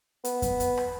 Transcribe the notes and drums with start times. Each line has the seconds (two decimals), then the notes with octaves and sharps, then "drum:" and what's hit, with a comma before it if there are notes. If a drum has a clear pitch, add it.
0.24 B3, drum: hi-hat
0.42 drum: kick F2, hi-hat
0.60 drum: hi-hat
0.77 drum: rim click